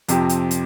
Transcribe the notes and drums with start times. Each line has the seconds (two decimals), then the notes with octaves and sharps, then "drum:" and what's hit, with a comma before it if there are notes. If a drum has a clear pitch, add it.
0.08 F2 C3 F3 C4 G4, drum: hi-hat
0.29 drum: hi-hat
0.51 drum: hi-hat